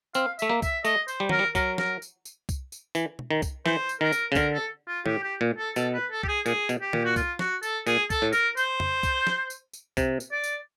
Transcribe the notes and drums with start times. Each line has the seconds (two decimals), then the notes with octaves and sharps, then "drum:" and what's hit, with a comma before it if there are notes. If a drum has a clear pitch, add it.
0.14 C4 F5, drum: tambourine
0.39 A3 E5, drum: tambourine
0.49 A#3
0.62 E5, drum: kick C2, tambourine
0.85 A3 D#5, drum: tambourine
1.08 C5, drum: tambourine
1.20 G3
1.29 F#3 A#4, drum: tom
1.39 G3
1.55 F#3 A#4, drum: kick C2, tambourine
1.78 A#4, drum: snare
2.02 drum: tambourine
2.25 drum: tambourine
2.49 drum: kick C2, tambourine
2.72 drum: tambourine
2.95 E3, drum: tambourine
3.19 drum: tom
3.31 D#3
3.42 drum: kick C2, tambourine
3.66 E3 C5, drum: snare
3.89 drum: tambourine
4.01 D#3 A#4
4.12 drum: tambourine
4.32 C#3
4.35 D3 A#4, drum: kick C2, tambourine
4.54 A4
4.88 F4
5.06 A2 G4, drum: tom
5.23 G4
5.41 A#2
5.58 A4
5.76 B2 A4, drum: tambourine
5.94 B4
6.11 A4
6.23 G4, drum: kick C2
6.28 G#4
6.46 A#2 G#4, drum: tambourine
6.69 B2, drum: tambourine
6.81 G4
6.93 A#2, drum: tom
7.05 F#4
7.16 F4, drum: kick C2, tambourine
7.39 F#4, drum: snare
7.63 A4, drum: tambourine
7.87 A#2 G#4, drum: tambourine
8.10 A4, drum: kick C2, tambourine
8.22 A2
8.33 A#4, drum: tambourine
8.57 C5, drum: tambourine
8.80 drum: tom F2
9.03 drum: kick C2, tambourine
9.27 drum: snare
9.50 drum: tambourine
9.73 drum: tambourine
9.97 C3, drum: kick C2, tambourine
10.20 drum: tambourine
10.32 D5
10.44 drum: tambourine